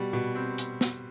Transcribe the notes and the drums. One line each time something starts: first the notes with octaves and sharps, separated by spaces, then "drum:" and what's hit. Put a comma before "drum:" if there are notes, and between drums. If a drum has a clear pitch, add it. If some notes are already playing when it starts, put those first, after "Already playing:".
Already playing: B2 G3
B2
C4
drum: hi-hat
drum: snare